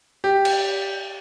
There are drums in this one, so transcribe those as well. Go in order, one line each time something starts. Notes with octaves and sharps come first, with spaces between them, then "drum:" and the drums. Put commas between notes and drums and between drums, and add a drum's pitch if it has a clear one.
G4
drum: cymbal